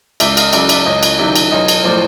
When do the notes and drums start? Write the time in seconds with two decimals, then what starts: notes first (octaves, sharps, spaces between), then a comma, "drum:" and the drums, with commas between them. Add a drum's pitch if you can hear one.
0.20 C#2 D5 E5, drum: cymbal
0.37 D#5 F5, drum: cymbal
0.53 C#3 F#3 D5 E5, drum: cymbal
0.69 D5 E5, drum: cymbal
0.86 C#2 C#5 D#5
1.03 drum: cymbal
1.19 C3 D#3 F#3 D5 E5
1.35 drum: cymbal
1.52 B1 C#5 D#5
1.68 drum: cymbal
1.84 A2 F3 C5 D5